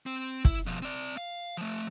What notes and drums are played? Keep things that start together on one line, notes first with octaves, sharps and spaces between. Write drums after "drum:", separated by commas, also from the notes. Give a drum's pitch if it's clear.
C4
E4, drum: kick
B2 F3
C4 D5
F5
F3 A3